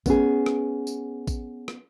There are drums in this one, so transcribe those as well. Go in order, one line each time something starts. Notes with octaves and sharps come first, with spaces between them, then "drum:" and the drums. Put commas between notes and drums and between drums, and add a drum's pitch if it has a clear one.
B3 C#4 G#4, drum: kick A1, tambourine
drum: rim click
drum: tambourine
drum: kick A1, tambourine
drum: rim click